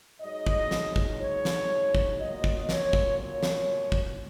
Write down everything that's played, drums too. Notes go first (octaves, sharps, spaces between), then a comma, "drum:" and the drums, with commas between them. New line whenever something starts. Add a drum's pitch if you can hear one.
G#2 F#3 D#5
drum: kick
drum: snare
drum: kick
C#5
drum: snare
drum: kick
A#2 F#3 D#5
drum: kick
C#5, drum: snare
drum: kick
C#5
drum: snare
drum: kick